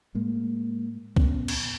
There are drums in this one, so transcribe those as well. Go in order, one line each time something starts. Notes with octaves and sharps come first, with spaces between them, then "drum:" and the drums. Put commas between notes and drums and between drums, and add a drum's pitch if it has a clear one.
A2 G#3 A#3
A#2 B3 C#4, drum: kick C2
drum: cymbal